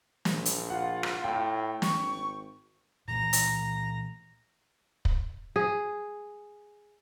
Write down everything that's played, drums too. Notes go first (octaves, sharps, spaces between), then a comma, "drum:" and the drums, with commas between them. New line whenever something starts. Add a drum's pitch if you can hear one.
A#1, drum: snare
drum: hi-hat
F4 F#5
drum: rim click
A2 G5
G#1 C#6, drum: snare
A#2 E3 A3 A#5
drum: hi-hat
drum: kick
G#4